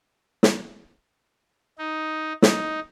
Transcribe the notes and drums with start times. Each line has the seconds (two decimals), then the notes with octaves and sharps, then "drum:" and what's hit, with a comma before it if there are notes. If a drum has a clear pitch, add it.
0.43 drum: snare
1.78 D#4
2.42 D#4, drum: snare